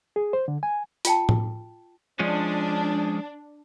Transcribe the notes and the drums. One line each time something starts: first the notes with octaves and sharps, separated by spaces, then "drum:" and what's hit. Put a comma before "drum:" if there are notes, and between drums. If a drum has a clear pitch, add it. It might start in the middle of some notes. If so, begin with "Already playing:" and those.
G#4
C5
D3
G#5
F4 G5 A5, drum: hi-hat
drum: tom A2
F3 G#3 C#4 D4